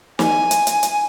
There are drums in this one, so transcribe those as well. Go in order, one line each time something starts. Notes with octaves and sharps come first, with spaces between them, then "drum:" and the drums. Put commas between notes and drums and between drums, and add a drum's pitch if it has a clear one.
G#5, drum: snare
drum: hi-hat
drum: hi-hat
drum: hi-hat